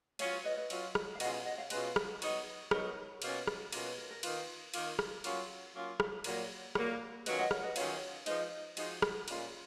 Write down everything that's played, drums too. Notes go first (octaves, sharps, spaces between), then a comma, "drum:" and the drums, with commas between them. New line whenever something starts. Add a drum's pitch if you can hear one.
F#3 C#4 F4 C#5 F5, drum: cymbal
C#5 F5
B4 D#5
B4 D#5
F#3 C#4 F4, drum: cymbal
drum: rim click
F5
B2 G#3 C#4 F4 D#5 F#5, drum: cymbal
C#5 F5
D#5 F#5
C#5 F5
B2 G#3 C#4 F4 B4 D#5, drum: cymbal
drum: rim click
F#3 B3 D#4, drum: cymbal
F#3 B3 D#4 A#4 C#5, drum: rim click
B2 A#3 C#4 F4, drum: cymbal
drum: rim click
B2 A#3 C#4 F4 A#4, drum: cymbal
B4
A#4
A#4
D#3 A#3 F4 B4, drum: cymbal
D#3 A#3 F4, drum: cymbal
drum: rim click
F#3 A#3 C#4 F4, drum: cymbal
F#3 A#3 C#4 F4
drum: rim click
A#2 F#3 A#3 A#4 C#5, drum: cymbal
A#2 F#3 A#3, drum: rim click
D#3 F#3 C#4 F4 B4 D#5, drum: cymbal
D#5 F#5
A#4 C#5, drum: rim click
B4 D#5
D#3 F#3 C#4 F4 C#5 F5, drum: cymbal
F3 G#3 D#4 B4 D#5, drum: cymbal
F3 G#3 D#4 F#4, drum: cymbal
drum: rim click
A#2 G#3 C#4 F4, drum: cymbal